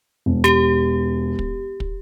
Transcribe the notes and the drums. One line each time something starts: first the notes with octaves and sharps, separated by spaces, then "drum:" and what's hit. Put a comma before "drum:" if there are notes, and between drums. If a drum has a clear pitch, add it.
E1
G4, drum: snare
drum: kick
drum: kick